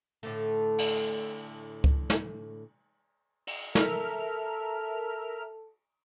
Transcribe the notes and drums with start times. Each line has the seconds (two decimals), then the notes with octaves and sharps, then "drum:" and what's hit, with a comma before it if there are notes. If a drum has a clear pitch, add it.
0.23 A2 D3 A3
0.78 drum: cymbal
1.84 drum: kick C#2
2.10 drum: snare
3.47 drum: cymbal
3.75 A4 A#4 E5 F6, drum: snare